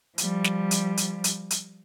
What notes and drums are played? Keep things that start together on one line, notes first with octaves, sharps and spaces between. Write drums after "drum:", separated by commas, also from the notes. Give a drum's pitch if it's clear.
F3 G3, drum: hi-hat
drum: snare
drum: hi-hat
drum: hi-hat
drum: hi-hat
drum: hi-hat